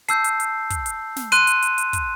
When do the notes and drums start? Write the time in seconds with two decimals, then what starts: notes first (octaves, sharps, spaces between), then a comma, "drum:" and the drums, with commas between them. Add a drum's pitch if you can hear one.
0.09 A5 E6 G6 C7, drum: hi-hat
0.24 drum: hi-hat
0.40 drum: hi-hat
0.70 drum: kick, hi-hat
0.86 drum: hi-hat
1.16 drum: snare
1.32 C6 F#6 D#7, drum: hi-hat
1.47 drum: hi-hat
1.62 drum: hi-hat
1.78 drum: hi-hat
1.93 drum: kick, hi-hat